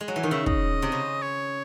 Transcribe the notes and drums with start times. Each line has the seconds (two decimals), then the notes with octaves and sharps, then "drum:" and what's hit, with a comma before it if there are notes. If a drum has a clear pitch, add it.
0.01 G#3
0.08 F#3
0.16 E3
0.23 D#3
0.31 C#3 E5
0.46 D#5, drum: kick
0.82 C3
0.92 C#3
1.22 C#5